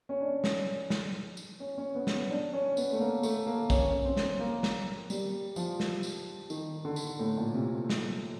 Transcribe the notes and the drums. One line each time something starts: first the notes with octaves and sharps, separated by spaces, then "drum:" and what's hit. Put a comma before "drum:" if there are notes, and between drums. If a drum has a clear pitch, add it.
C#4
D4
drum: snare
drum: snare
drum: tambourine
C#4
C#4
B3
drum: snare
D4
C#4
B3, drum: tambourine
A3
A#3
A3, drum: tambourine
A#3
C#4, drum: kick, tambourine
C4
drum: snare
A#3
drum: snare
G3, drum: tambourine
F3, drum: tambourine
drum: snare
drum: tambourine
D#3, drum: tambourine
D3
drum: tambourine
A2
A#2
C3
drum: snare